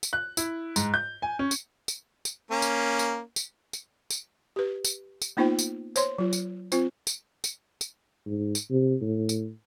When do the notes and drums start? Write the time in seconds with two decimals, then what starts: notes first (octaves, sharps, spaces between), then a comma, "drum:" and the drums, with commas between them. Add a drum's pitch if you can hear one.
0.03 drum: tambourine
0.13 F#6
0.37 E4, drum: tambourine
0.76 G#2, drum: tambourine
0.94 G6
1.22 G#5
1.39 C#4
1.51 drum: tambourine
1.88 drum: tambourine
2.25 drum: tambourine
2.51 A#3 C#4
2.62 drum: tambourine
2.99 drum: tambourine
3.36 drum: tambourine
3.73 drum: tambourine
4.10 drum: tambourine
4.56 G4 B4
4.85 drum: tambourine
5.22 drum: tambourine
5.37 A#3 B3 D#4 F4 C5 G5
5.59 drum: tambourine
5.96 C5 C#5 C6, drum: tambourine
6.18 F#3 F4
6.33 drum: tambourine
6.72 C4 F4 C5, drum: tambourine
7.07 drum: tambourine
7.44 drum: tambourine
7.81 drum: tambourine
8.26 G#2
8.55 drum: tambourine
8.70 C3
9.01 A2
9.29 drum: tambourine